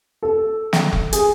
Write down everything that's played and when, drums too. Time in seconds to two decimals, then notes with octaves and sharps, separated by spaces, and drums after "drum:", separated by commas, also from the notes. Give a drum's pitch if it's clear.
0.23 A4
0.73 drum: snare
0.93 drum: kick F1
1.13 G#4, drum: hi-hat